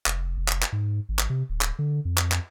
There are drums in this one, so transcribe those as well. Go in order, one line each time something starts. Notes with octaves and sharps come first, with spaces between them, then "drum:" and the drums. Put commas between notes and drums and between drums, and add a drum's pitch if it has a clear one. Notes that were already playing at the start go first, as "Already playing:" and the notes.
F1, drum: clap
F1
drum: clap
drum: clap
G#2
G#1
drum: clap
C3
D1
drum: clap
D3
F2
drum: clap
drum: clap